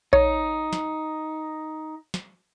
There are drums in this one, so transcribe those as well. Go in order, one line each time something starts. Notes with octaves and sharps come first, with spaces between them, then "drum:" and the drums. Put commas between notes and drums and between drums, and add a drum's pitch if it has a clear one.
D#4 C#5, drum: kick A#1
drum: snare
drum: snare